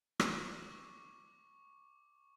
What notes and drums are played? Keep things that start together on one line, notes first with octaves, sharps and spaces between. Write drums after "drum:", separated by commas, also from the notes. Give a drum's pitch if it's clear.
C#6 D6, drum: rim click